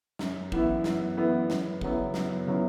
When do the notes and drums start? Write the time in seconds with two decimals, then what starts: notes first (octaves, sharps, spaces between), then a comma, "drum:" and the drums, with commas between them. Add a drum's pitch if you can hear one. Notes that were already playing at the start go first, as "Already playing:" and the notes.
0.19 F#2, drum: snare
0.52 E3 B3 E4, drum: kick
0.84 F#2, drum: snare
1.17 E3 B3 E4
1.50 F#2, drum: snare
1.81 C#3 F#3 B3 E4, drum: kick
2.14 F#2, drum: snare
2.47 C#3 F#3 B3 E4